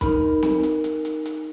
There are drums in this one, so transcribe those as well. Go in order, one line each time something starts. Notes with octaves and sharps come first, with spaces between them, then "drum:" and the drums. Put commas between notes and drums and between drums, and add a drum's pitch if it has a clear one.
D#4 A#4 B5, drum: kick, hi-hat
drum: snare
drum: hi-hat
drum: hi-hat
drum: hi-hat
drum: hi-hat